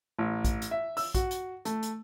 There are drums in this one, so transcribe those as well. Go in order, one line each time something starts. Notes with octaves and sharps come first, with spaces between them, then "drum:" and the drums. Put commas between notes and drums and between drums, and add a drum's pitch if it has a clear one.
A1
drum: kick A#1, hi-hat
drum: hi-hat
E5
E6, drum: open hi-hat
F#4, drum: kick A#1, hi-hat
drum: hi-hat
A3, drum: hi-hat
drum: hi-hat